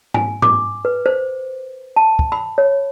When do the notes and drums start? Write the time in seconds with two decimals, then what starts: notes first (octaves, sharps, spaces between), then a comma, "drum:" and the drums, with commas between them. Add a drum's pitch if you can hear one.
0.14 G#5, drum: tom G#2
0.42 D6, drum: tom G#2
0.85 B4
1.06 C5
1.96 A5
2.19 drum: kick
2.32 B5
2.58 C#5